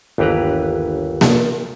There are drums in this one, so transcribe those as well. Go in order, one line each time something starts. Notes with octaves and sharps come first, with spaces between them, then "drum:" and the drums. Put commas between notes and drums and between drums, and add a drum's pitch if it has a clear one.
G1 D#2 E3 G4 B4 A#5
drum: snare A#3